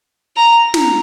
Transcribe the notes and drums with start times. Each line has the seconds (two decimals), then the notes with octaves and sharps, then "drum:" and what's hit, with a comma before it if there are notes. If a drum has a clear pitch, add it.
0.37 A#5
0.74 drum: snare